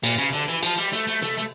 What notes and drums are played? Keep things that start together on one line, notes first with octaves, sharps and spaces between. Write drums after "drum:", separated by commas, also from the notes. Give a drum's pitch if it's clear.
A#2, drum: cymbal
C#3
D3
E3
F3, drum: cymbal
G3
A3
A3
A3, drum: tom C3
A3